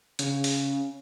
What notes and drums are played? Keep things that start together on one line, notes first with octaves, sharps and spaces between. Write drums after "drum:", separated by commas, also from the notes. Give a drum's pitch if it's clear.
C#3, drum: hi-hat
drum: open hi-hat